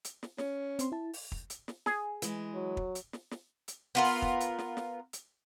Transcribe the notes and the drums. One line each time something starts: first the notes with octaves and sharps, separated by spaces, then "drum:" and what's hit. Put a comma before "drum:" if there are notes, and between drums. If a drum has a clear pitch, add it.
drum: hi-hat
drum: snare
C#4, drum: snare
C4 C6, drum: hi-hat
E4 A5
drum: open hi-hat
drum: kick
drum: hi-hat
drum: snare
G#4, drum: snare
E3 G#3, drum: hi-hat
F#3
drum: kick
drum: hi-hat
drum: snare
drum: snare
drum: hi-hat
B3 F4 A#4
drum: open hi-hat
drum: kick
drum: hi-hat
drum: snare
drum: snare
drum: hi-hat